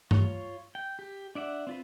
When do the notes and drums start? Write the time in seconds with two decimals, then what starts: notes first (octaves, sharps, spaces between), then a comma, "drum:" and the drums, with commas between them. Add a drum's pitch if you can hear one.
0.11 F4 C#5, drum: tom G2
0.75 G5
0.99 G4
1.35 D4 D5 E5 F#5
1.67 C4 F4 B4